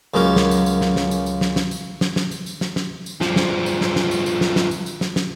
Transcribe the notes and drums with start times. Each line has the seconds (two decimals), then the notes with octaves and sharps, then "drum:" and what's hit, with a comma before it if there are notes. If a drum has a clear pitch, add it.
0.14 C#2 F#2 A#3 C#4
0.36 drum: snare
0.51 drum: tambourine
0.66 drum: tambourine
0.81 drum: snare
0.96 drum: snare
1.11 drum: tambourine
1.26 drum: tambourine
1.41 drum: snare
1.56 drum: snare
1.71 drum: tambourine
2.01 drum: snare
2.16 drum: snare
2.31 drum: tambourine
2.46 drum: tambourine
2.61 drum: snare
2.76 drum: snare
3.06 drum: tambourine
3.21 G2 F3, drum: snare
3.36 drum: snare
3.66 drum: tambourine
3.81 drum: snare
3.96 drum: snare
4.11 drum: tambourine
4.26 drum: tambourine
4.41 drum: snare
4.56 drum: snare
4.71 drum: tambourine
4.86 drum: tambourine
5.01 drum: snare
5.16 drum: snare